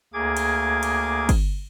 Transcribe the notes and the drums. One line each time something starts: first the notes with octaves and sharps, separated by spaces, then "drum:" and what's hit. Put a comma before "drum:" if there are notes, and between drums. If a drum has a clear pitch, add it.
D2 A#3 G#4 D6 G#6
drum: cymbal
drum: cymbal
drum: kick G1, cymbal